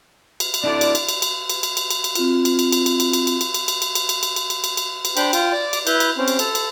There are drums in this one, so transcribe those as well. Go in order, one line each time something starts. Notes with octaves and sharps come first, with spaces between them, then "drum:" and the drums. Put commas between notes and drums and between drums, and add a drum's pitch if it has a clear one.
drum: cymbal
drum: cymbal
D4 E4 A4 D5
drum: cymbal
drum: cymbal
drum: cymbal
drum: cymbal
drum: cymbal
drum: cymbal
drum: cymbal
drum: cymbal
drum: cymbal
C4 F4, drum: cymbal
drum: cymbal
drum: cymbal
drum: cymbal
drum: cymbal
drum: cymbal
drum: cymbal
drum: cymbal
drum: cymbal
drum: cymbal
drum: cymbal
drum: cymbal
drum: cymbal
drum: cymbal
drum: cymbal
drum: cymbal
drum: cymbal
drum: cymbal
drum: cymbal
drum: cymbal
D4 C5 G5 B5, drum: cymbal
F4 G5, drum: cymbal
D5 D6
drum: cymbal
E4 B4 G6, drum: cymbal
drum: cymbal
C4 C#4 C5
drum: cymbal
A4, drum: cymbal
drum: cymbal